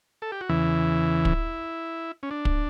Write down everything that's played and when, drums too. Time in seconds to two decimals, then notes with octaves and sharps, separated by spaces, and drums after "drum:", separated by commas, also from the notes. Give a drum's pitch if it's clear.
0.22 A4
0.32 G4
0.41 F#4
0.49 E2 C#3 E3 E4
1.25 drum: kick
2.23 C#4
2.31 D4
2.45 drum: kick